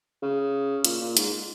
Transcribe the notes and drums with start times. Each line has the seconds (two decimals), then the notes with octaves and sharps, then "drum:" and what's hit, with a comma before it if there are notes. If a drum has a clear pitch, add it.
0.22 C#3
0.85 A#2, drum: hi-hat
1.00 A#2
1.17 G#2, drum: hi-hat